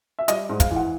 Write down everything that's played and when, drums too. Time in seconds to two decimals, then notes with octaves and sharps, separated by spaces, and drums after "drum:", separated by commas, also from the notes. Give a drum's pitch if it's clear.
0.19 E5
0.28 G3 D#5, drum: hi-hat
0.49 G#2
0.60 F5, drum: kick, hi-hat
0.71 E3
0.76 F#5